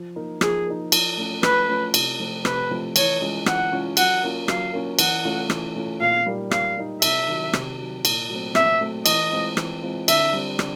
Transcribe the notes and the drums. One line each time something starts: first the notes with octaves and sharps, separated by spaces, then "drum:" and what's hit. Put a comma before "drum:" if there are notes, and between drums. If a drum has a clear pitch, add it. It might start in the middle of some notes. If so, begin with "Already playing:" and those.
Already playing: F3
A#3 D#4
F3 G#4, drum: rim click
A#3 D#4
F3, drum: cymbal
A3 C#4 F4
F3 B4, drum: rim click
A3 C#4 F4
C3, drum: cymbal
F3 A3 C4
C3 B4, drum: rim click
F3 A3 C4
E3 C#5, drum: cymbal
G#3 C#4 F4
E3 F#5, drum: rim click
G#3 C#4 F4
F#3 F#5, drum: cymbal
A#3 C#4 F4
F#3 F5, drum: rim click
A#3 C#4 F4
E3 F#5, drum: cymbal
A3 C#4 F4
E3, drum: rim click
A3 C#4 F4
A#2 F5
G3 A#3 D#4
A#2 F5, drum: rim click
G3 A#3 D#4
C3 E5, drum: cymbal
D#3 F#3
C3, drum: rim click
D#3 F#3
A#2, drum: cymbal
F#3 A3 C4
A#2 E5, drum: rim click
F#3 A3 C4
E3 D#5, drum: cymbal
G#3 C4 F4
E3, drum: rim click
G#3 C4 F4
D3 E5, drum: cymbal
G3 C4
D3, drum: rim click